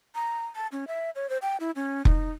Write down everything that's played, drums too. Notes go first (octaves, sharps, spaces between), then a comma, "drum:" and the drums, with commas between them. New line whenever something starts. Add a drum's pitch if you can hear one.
A#5
A5
C#4
E5
C#5
C5
G5
E4
C#4
D#4, drum: kick F1